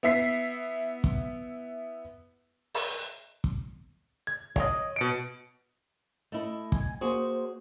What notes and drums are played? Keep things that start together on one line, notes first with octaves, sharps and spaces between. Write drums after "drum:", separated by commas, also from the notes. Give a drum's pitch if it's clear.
B3 E4 E5 B6 C7
drum: kick
drum: open hi-hat
drum: kick
G#6
C#5 D#5, drum: kick
B2 C#7 D7
A3 E4 D#5
G#5, drum: kick
A#3 F#4 G#4 C5